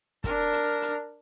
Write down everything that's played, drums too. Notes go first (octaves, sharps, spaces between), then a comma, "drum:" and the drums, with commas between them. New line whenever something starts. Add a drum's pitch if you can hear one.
D4 A#4, drum: kick, hi-hat
drum: hi-hat
drum: hi-hat